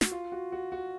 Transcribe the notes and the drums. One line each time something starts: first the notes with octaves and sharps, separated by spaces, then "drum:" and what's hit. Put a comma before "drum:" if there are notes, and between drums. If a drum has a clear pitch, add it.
F#4, drum: snare
F4
F#4
F#4
F#4